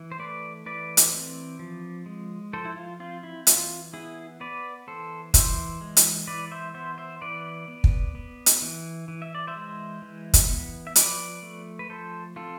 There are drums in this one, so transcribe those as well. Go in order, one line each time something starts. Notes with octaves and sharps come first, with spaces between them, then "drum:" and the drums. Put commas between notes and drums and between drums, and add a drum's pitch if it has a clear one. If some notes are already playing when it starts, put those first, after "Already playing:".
Already playing: E3
C5
A3 B4 D5
E3 B4 D5
drum: hi-hat
C4
F3
G#3
F3 A4 C5
E4
F4
C4 F4
E4
E3 F4, drum: hi-hat
B3 E4 G#4
B3 B4 D5
E3 A4 C5
E3 C5 E5, drum: kick, hi-hat
G#3
drum: hi-hat
E3 B4 D5
C5 E5
B3 C5 E5
C5 E5
E3 B4 D5
B3
drum: kick
B3
drum: hi-hat
E3
E3
E5
D5
C5 E5
G#3
E3
drum: kick, hi-hat
B3
E5
F3 B4 D5, drum: hi-hat
A3
B4
F3 A4 C5
C4 F4 A4